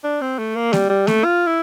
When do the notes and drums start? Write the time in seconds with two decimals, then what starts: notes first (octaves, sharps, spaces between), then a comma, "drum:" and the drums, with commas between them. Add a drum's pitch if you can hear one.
0.04 D4
0.21 C4
0.38 A3
0.56 A#3
0.73 G3, drum: snare A#3
0.89 G3
1.07 A3, drum: snare A#3
1.24 F4
1.47 E4